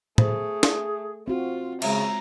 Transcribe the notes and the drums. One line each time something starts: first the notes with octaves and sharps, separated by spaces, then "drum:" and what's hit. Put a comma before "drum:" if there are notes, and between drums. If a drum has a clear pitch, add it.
A3 G#4 C5, drum: tom A2
drum: snare
C4 F4 F#4
C#3 G#3 C#5 E5 A#5, drum: cymbal